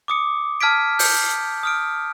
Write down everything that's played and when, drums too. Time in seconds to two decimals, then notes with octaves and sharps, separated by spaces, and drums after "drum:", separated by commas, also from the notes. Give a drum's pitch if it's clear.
0.08 D6 D#6 C#7
0.61 A5 F6 G#6 B6 D7
0.99 G6 C#7, drum: open hi-hat
1.63 D#6 F6 D7